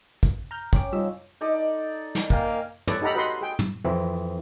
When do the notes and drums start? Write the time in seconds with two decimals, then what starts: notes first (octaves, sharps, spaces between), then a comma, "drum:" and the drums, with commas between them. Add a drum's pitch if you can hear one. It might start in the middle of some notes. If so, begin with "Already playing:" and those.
0.23 drum: kick
0.51 A#5 F6 G6
0.73 C#4 G5 D6, drum: kick
0.92 F3 G3 D#4 F4 E6
1.41 D#4 A4 D5
2.15 drum: snare
2.30 A#3 A#4 G5 G#5, drum: kick
2.87 A4 B4 C#5 D5, drum: tom
3.02 D#4 G4 A4 F#5 A#5 B5
3.15 F#4 B4 D#5 F#5 B5 C6
3.41 G#4 G5
3.59 drum: tom
3.84 F2 E3 C4